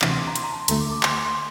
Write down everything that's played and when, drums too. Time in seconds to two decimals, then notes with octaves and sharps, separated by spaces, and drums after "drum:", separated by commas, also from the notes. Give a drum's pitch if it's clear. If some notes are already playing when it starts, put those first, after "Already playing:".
0.02 D2 C3 E3, drum: clap
0.10 C6
0.18 D6
0.27 A#5
0.36 C6, drum: hi-hat
0.44 A#5
0.52 A5
0.60 C6
0.68 D2 D3 A3 A#5, drum: hi-hat
0.81 D6
0.92 D6
1.03 C6, drum: clap
1.14 D6
1.25 C6